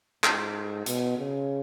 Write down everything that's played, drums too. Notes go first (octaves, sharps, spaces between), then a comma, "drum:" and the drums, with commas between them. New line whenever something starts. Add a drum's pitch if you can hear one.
G#2, drum: clap
B2, drum: hi-hat
C#3